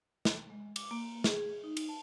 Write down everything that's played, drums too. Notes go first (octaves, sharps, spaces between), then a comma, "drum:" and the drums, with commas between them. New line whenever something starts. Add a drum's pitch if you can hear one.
drum: snare
G#3
D6, drum: cymbal
A#3
G#4, drum: snare
D#4
drum: cymbal
A5